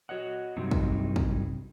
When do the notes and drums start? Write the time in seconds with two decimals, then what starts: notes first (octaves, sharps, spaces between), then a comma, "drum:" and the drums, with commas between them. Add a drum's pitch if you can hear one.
0.09 F#4 C#5 D#5 F#5
0.57 G2 C3 F#3 G3 C4 D#4
0.71 drum: kick
1.16 drum: kick